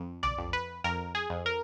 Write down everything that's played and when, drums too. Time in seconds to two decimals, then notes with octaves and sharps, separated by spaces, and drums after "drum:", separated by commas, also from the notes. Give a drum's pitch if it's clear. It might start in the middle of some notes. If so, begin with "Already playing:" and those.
Already playing: F2
0.23 D5, drum: tom B1
0.38 F2
0.53 B4
0.84 F2 A#4
1.15 G#4
1.30 F2
1.46 A#4